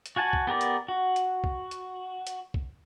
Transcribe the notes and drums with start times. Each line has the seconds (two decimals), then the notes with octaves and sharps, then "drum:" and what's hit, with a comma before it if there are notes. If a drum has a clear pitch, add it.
0.06 drum: hi-hat
0.16 F#4 F#5 G#5 A5
0.33 drum: kick C2
0.47 B3 G4 A#4 D5
0.61 drum: hi-hat
0.88 F#4
1.16 drum: hi-hat
1.44 drum: kick C2
1.71 drum: hi-hat
2.27 drum: hi-hat
2.54 drum: kick C2